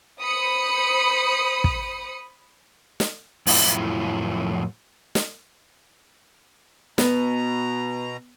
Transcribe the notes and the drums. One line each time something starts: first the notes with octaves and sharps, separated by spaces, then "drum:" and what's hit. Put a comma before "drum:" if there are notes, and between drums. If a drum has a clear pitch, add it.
C5 B5 D#6 C#7
drum: kick
drum: snare
F2 A2 F3 F#3 E4 E5, drum: open hi-hat
drum: snare
B2 B3 A#5, drum: snare